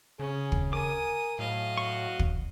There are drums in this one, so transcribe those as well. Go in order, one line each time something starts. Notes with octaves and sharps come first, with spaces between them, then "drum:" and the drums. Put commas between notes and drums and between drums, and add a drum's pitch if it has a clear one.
C#3 C#4 G#4
drum: kick
A#4 G#5 D6 D#6
A2 F#3 D#5 F5
F#4 C#6
drum: kick